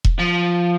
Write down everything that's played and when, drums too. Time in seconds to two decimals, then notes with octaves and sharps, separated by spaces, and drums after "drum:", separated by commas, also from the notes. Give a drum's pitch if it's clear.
0.04 drum: kick E1
0.19 F3